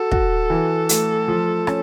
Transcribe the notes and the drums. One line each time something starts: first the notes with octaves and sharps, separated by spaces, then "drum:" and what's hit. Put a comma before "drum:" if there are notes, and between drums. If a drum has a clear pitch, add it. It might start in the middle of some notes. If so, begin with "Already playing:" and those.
Already playing: F#4 A4
F#4, drum: kick
E3
A3, drum: hi-hat
F3
C#4, drum: rim click